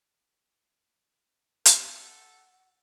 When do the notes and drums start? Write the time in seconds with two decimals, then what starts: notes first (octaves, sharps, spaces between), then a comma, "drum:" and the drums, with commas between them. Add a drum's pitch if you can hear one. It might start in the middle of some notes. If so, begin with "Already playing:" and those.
1.65 A4 F#5, drum: hi-hat